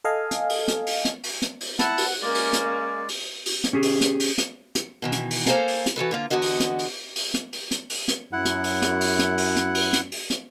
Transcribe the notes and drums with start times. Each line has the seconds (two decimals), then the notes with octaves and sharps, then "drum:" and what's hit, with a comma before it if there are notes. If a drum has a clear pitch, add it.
0.04 A4 D#5 F5 G#5
0.31 drum: hi-hat
0.50 drum: open hi-hat
0.68 drum: hi-hat
0.87 drum: open hi-hat
1.05 drum: hi-hat
1.24 drum: open hi-hat
1.42 drum: hi-hat
1.61 drum: open hi-hat
1.79 E4 F#5 A5, drum: hi-hat
1.98 drum: open hi-hat
2.22 G#3 A#3 C#4 D5
2.35 drum: open hi-hat
2.53 drum: hi-hat
3.09 drum: open hi-hat
3.46 drum: open hi-hat
3.64 drum: hi-hat
3.73 C#4 G4 G#4
3.83 drum: open hi-hat
4.01 drum: hi-hat
4.20 drum: open hi-hat
4.38 drum: hi-hat
4.75 drum: hi-hat
5.02 B2 D#3 E3
5.12 drum: hi-hat
5.31 drum: open hi-hat
5.46 A#3 A4 C5 F5 G#5 A#5, drum: hi-hat
5.68 drum: open hi-hat
5.86 drum: hi-hat
5.96 E3 F#4 A4 B4
6.11 D3 A#3 F4
6.30 E2 D3 D#3 B3 F#4 D#5
6.42 drum: open hi-hat
6.60 drum: hi-hat
6.79 drum: open hi-hat
7.16 drum: open hi-hat
7.34 drum: hi-hat
7.53 drum: open hi-hat
7.71 drum: hi-hat
7.90 drum: open hi-hat
8.08 drum: hi-hat
8.33 F#2 E4 F#5
8.45 drum: hi-hat
8.64 drum: open hi-hat
8.82 drum: hi-hat
9.01 drum: open hi-hat
9.19 drum: hi-hat
9.38 drum: open hi-hat
9.56 drum: hi-hat
9.75 drum: open hi-hat
9.93 drum: hi-hat
10.12 drum: open hi-hat
10.30 drum: hi-hat